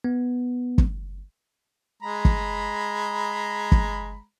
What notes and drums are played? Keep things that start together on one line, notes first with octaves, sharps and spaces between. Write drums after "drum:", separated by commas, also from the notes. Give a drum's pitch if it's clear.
B3
drum: kick
G#3 A#5 B5
drum: kick
drum: kick